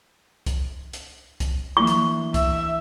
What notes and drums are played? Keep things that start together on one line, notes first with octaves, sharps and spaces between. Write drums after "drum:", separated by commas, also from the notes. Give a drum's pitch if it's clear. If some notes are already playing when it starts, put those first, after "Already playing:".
drum: kick C2, hi-hat
drum: hi-hat
drum: kick C2, hi-hat
E3 A#3 D4 C#6
drum: hi-hat
E5, drum: kick C2, hi-hat